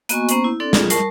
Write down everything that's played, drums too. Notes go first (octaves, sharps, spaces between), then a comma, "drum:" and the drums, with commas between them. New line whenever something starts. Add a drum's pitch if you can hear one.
A#3 B3 F#4 D#5 G#5 C#6, drum: hi-hat
A#3 B3 C#4 C5 A#5 C#6, drum: hi-hat
E4
C4 D4 A4 D5
F4 G#4, drum: snare
G3 A#4 A5 C#6, drum: hi-hat